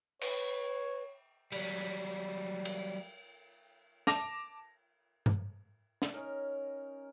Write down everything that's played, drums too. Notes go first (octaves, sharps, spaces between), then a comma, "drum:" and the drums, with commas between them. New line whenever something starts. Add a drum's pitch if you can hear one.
B4 C#5, drum: cymbal
F#3 G3, drum: cymbal
drum: cymbal
A5 D6 A#6 F7, drum: snare
drum: tom G2
drum: snare
C#4 D#4 A#4 C#5